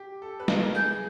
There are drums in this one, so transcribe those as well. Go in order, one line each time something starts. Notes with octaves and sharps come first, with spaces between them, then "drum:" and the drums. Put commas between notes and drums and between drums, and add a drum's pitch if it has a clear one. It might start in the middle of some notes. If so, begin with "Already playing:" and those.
Already playing: G4
A4
B4
A#4, drum: snare
G#4 G6